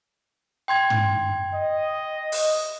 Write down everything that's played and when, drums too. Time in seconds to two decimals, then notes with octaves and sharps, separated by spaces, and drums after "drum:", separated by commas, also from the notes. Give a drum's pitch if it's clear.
0.68 G5 C6 G#6
0.90 drum: tom
1.54 D#5
2.32 drum: open hi-hat